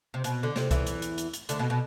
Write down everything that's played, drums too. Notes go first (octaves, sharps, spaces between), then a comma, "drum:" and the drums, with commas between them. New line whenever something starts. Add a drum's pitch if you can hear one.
C3
B2, drum: hi-hat
D3
C3, drum: snare
E2 E3, drum: kick C2, hi-hat
drum: hi-hat
drum: hi-hat
drum: hi-hat
drum: hi-hat
D2 D3, drum: hi-hat
B2
B2